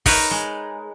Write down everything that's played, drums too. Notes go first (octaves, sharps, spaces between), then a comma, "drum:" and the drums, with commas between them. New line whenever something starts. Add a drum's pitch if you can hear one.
D#4 A#4 B4 C#5, drum: kick, open hi-hat
G#3